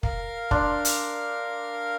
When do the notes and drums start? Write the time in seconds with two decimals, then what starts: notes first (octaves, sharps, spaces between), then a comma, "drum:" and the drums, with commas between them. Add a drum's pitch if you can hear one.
0.03 A#4 F5, drum: kick
0.51 D4 C6, drum: kick
0.85 drum: hi-hat